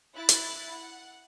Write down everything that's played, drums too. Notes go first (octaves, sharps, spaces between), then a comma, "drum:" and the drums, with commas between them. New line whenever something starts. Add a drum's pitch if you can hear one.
E4 F#6 A6
drum: hi-hat
F#5